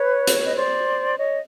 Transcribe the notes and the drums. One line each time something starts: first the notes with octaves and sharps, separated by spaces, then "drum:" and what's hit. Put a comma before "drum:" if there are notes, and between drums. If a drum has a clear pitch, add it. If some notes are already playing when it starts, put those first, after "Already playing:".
Already playing: B4 C#5
drum: hi-hat
D#5
C5 D5
C#5 D#5